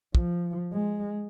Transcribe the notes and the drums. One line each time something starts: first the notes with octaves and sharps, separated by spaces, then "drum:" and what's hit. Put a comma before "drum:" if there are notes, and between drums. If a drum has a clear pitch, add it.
F3, drum: kick
G#3